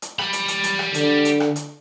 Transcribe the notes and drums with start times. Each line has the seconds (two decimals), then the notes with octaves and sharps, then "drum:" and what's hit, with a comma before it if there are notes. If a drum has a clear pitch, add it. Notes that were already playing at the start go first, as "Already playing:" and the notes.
0.02 drum: hi-hat
0.19 G4 B5, drum: rim click
0.33 drum: hi-hat
0.48 drum: hi-hat
0.64 drum: hi-hat
0.79 drum: rim click
0.94 D3, drum: hi-hat
1.25 drum: hi-hat
1.40 drum: rim click
1.56 drum: hi-hat